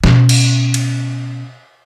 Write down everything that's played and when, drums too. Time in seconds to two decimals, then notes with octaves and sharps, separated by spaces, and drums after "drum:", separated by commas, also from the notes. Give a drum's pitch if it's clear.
0.04 B2 C#4, drum: snare
0.29 drum: cymbal
0.74 drum: cymbal